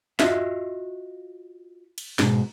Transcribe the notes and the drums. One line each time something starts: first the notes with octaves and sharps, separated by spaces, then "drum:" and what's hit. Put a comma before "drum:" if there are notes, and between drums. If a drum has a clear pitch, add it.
F4 F#4 D#5 E5, drum: snare
drum: cymbal
G#2 B2, drum: snare